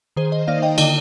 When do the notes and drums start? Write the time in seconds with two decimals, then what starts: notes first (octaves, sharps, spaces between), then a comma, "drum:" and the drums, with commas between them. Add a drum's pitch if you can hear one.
0.16 D#3 G#4 C5
0.32 C5 D#5
0.47 A#3 D#4 D5 F5
0.62 D#5 G5
0.78 D3 D#5 G5, drum: cymbal